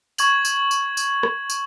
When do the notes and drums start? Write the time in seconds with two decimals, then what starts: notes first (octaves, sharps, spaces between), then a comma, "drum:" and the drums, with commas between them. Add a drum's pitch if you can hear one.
0.18 C#6 G#6 F#7, drum: tambourine
0.45 drum: tambourine
0.71 drum: tambourine
0.97 drum: tambourine
1.23 drum: rim click
1.50 drum: tambourine